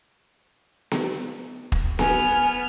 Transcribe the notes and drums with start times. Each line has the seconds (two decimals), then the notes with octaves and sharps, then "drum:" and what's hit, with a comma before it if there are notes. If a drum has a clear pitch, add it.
0.91 drum: snare B3
1.72 drum: kick
1.99 B3 G#5 F6, drum: snare B3